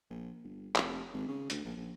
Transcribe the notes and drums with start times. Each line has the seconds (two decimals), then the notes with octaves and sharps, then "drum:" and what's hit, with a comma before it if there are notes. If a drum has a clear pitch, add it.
0.10 A#1
0.44 G1
0.76 F1, drum: clap
1.13 G#1
1.28 C#3
1.50 D2, drum: hi-hat
1.65 A#1
1.77 A#1